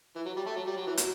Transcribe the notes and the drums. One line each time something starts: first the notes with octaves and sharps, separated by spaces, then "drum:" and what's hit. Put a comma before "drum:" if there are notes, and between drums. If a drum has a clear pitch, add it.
E3
F#3
G3
A3
F#3
G3
F#3
E3
F#3, drum: hi-hat